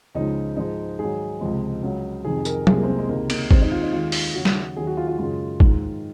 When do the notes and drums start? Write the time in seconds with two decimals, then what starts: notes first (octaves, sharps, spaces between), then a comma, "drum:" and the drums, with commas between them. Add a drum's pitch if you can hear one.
0.15 C#2 C#3 F3 G#3 D#4
0.57 G#2 F3 G#3 D#4
0.99 G#2 D#3 F#3 G#4
1.41 C#2 C3 F3 G#3
1.83 C#2 C#3 F#3
2.25 F2 C3 D#3 G#4
2.45 A#4, drum: tambourine
2.67 C2 C3 F3 G#3 G#4, drum: tom F#3
2.77 A#3
2.83 C4
2.88 A#3
2.98 G#3
3.09 C#2 C3 D#3 G#3 A#3
3.30 A#3, drum: cymbal
3.51 D#2 D#3 G#3 C4, drum: kick
3.61 D#4
3.72 F4
3.82 D#4
3.93 D#2 D#3 G#3 F4
4.12 drum: open hi-hat
4.35 D#2 C#3 F#3 F#4
4.45 drum: snare
4.77 D#2 D#3 F#3 G#4
4.87 F#4
4.97 F4
5.08 F4
5.18 F#2 C#3 G#3 F4
5.60 G#2 D#3 G#3, drum: kick